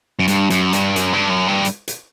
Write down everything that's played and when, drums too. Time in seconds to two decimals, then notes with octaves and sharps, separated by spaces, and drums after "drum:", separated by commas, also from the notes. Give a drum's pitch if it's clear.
0.19 F#2
0.28 G2, drum: hi-hat
0.50 F#2, drum: hi-hat
0.73 G2, drum: hi-hat
0.96 F#2, drum: hi-hat
1.13 G2
1.30 F#2
1.48 G2
1.65 drum: hi-hat
1.88 drum: hi-hat